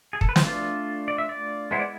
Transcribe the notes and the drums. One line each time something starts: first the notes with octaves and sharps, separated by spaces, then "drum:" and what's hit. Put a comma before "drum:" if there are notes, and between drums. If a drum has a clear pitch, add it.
G#4
A4, drum: kick
B4
C5, drum: snare
A3 D4 F4 D5
D5
E5
D5
G#3 B3 E4 C5
D5